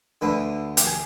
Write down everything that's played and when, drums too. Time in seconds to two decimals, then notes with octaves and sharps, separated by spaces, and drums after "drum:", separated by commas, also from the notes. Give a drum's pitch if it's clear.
0.21 D2 D3 B4
0.77 G4, drum: hi-hat
0.86 G#4